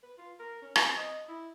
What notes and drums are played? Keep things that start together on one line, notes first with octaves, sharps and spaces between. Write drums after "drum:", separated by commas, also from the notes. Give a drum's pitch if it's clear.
B4
F4
A#4
C#4
C4, drum: rim click
D#5
E4